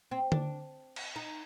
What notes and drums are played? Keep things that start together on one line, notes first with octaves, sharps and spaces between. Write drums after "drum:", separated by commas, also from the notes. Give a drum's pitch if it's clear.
C4
D4, drum: tom D3
drum: cymbal
D#4